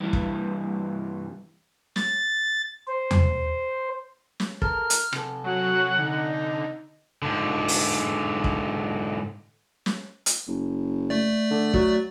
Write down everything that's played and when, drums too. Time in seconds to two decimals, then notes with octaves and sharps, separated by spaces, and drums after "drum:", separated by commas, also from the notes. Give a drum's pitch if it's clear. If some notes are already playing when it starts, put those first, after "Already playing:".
0.01 G2 E3
0.13 drum: kick
1.96 A6, drum: snare
2.88 C5
3.11 drum: tom E2
4.40 drum: snare
4.62 A4 A#4 F6, drum: kick
4.90 drum: hi-hat
5.13 C3 A4, drum: rim click
5.44 F#3 F#4 F#5
5.99 D3 D#4
7.22 G#2 D3
7.68 drum: open hi-hat
8.44 drum: kick
9.86 drum: snare
10.26 drum: hi-hat
10.47 F#1
11.10 A3 D5
11.51 D3
11.74 F#3, drum: kick